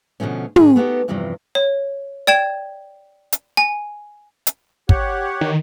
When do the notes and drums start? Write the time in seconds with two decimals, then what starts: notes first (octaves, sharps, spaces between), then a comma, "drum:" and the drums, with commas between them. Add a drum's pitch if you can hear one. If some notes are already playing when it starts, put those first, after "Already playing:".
0.20 B2 D3 F3 A3 C#4
0.56 A2 D#3 G#4, drum: tom
0.76 A3 B3 D#4 G4
1.08 E2 G2 C3 E3 F3
1.55 C#5
2.27 D5 G5 G#6 E7
3.32 drum: hi-hat
3.57 G#5
4.47 drum: hi-hat
4.89 G4 C#5 F#5, drum: kick
5.41 D#3